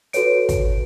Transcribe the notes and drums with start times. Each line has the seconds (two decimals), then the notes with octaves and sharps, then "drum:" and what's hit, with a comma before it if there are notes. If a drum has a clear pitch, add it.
0.13 F#4 A4 B4 C#5 D7, drum: hi-hat
0.49 drum: kick, hi-hat